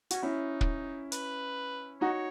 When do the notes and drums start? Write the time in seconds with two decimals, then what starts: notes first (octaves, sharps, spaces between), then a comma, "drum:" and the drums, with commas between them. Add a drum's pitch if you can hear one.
0.11 C#4 F#4, drum: hi-hat
0.22 C#4 D#4 E4
0.61 drum: kick
1.12 B4, drum: hi-hat
2.01 D#4 F#4 C#5